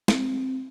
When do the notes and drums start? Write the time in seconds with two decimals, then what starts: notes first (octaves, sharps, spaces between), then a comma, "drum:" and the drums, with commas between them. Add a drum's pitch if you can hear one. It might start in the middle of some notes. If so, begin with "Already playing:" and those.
0.08 C4, drum: snare